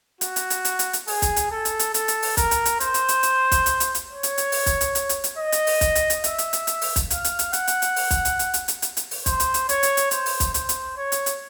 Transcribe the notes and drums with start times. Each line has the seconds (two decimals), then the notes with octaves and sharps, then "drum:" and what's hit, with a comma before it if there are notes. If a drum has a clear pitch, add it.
0.21 F#4, drum: hi-hat
0.36 drum: hi-hat
0.50 drum: hi-hat
0.65 drum: hi-hat
0.79 drum: hi-hat
0.93 drum: hi-hat
1.07 G#4, drum: open hi-hat
1.22 drum: kick B1, hi-hat
1.36 drum: hi-hat
1.51 A4
1.65 drum: hi-hat
1.79 drum: hi-hat
1.94 A4, drum: hi-hat
2.08 drum: hi-hat
2.22 drum: open hi-hat
2.37 A#4, drum: kick B1, hi-hat
2.51 drum: hi-hat
2.65 drum: hi-hat
2.80 C5, drum: hi-hat
2.94 drum: hi-hat
3.08 drum: hi-hat
3.23 drum: hi-hat
3.52 drum: kick B1, hi-hat
3.66 drum: hi-hat
3.80 drum: hi-hat
3.95 drum: hi-hat
4.09 C#5
4.23 drum: hi-hat
4.38 drum: hi-hat
4.52 drum: open hi-hat
4.66 drum: kick B1, hi-hat
4.81 drum: hi-hat
4.95 drum: hi-hat
5.09 drum: hi-hat
5.24 drum: hi-hat
5.38 D#5
5.52 drum: hi-hat
5.67 drum: open hi-hat
5.81 drum: kick B1, hi-hat
5.95 drum: hi-hat
6.10 drum: hi-hat
6.24 E5, drum: hi-hat
6.38 drum: hi-hat
6.53 drum: hi-hat
6.67 drum: hi-hat
6.81 drum: open hi-hat
6.96 drum: kick B1, hi-hat
7.10 F5, drum: hi-hat
7.24 drum: hi-hat
7.39 drum: hi-hat
7.53 F#5, drum: hi-hat
7.68 drum: hi-hat
7.82 drum: hi-hat
7.96 drum: open hi-hat
8.11 drum: kick B1, hi-hat
8.25 drum: hi-hat
8.39 drum: hi-hat
8.54 drum: hi-hat
8.68 drum: hi-hat
8.82 drum: hi-hat
8.97 drum: hi-hat
9.11 drum: open hi-hat
9.26 C5, drum: kick B1, hi-hat
9.40 drum: hi-hat
9.54 drum: hi-hat
9.69 C#5, drum: hi-hat
9.83 drum: hi-hat
9.97 drum: hi-hat
10.11 C5, drum: hi-hat
10.26 drum: open hi-hat
10.40 drum: kick B1, hi-hat
10.54 C5, drum: hi-hat
10.69 drum: hi-hat
10.97 C#5
11.12 drum: hi-hat
11.26 drum: hi-hat